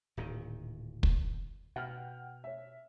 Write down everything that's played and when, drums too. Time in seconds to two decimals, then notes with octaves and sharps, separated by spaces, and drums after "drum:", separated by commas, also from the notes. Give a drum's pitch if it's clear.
0.17 D1 A#2 D#3
1.03 drum: kick
1.76 B2 F#5 G5 F6
2.44 C#5 E5